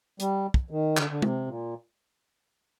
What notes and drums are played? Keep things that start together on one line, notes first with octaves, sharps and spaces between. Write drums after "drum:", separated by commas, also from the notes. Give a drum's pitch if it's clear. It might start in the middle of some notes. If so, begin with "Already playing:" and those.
G3, drum: hi-hat
drum: kick
D#3
D3, drum: clap
D3
C3, drum: tom G#3
A#2